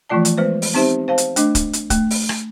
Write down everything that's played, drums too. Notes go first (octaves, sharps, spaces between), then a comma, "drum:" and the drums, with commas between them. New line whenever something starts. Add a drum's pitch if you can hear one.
E3 F3 A3 F4 D5 A5
drum: hi-hat
G#3 B3 B4 C5
drum: open hi-hat
B3 C4 D#4 G4 C5 E5
C5 F5 A5
drum: hi-hat
A3 D4 D#5 D6, drum: hi-hat
drum: kick, hi-hat
drum: hi-hat
A3, drum: kick, hi-hat
drum: open hi-hat
drum: rim click